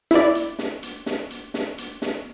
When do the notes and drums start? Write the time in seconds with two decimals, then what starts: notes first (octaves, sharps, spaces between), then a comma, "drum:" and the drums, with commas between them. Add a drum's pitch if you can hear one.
0.11 E4 D5, drum: snare
0.35 drum: hi-hat
0.59 drum: snare
0.83 drum: hi-hat
1.06 drum: snare
1.30 drum: hi-hat
1.54 drum: snare
1.78 drum: hi-hat
2.02 drum: snare